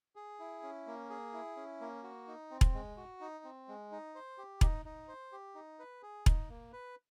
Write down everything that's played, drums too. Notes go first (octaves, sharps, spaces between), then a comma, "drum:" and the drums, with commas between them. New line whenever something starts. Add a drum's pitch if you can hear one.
G#4
E4
C#4
A#3
G#4
E4
C#4
A#3
F#4
D#4
C4
drum: kick E1
G#3
F#4
D#4
C4
G#3
D#4
C5
G4
D#4, drum: kick E1
D#4
C5
G4
D#4
B4
G#4
D#4, drum: kick E1
A#3
B4